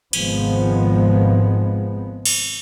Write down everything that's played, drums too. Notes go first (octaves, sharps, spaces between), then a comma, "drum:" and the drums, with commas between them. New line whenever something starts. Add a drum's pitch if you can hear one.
G#1 C3 F3 G#3 B3, drum: cymbal
drum: cymbal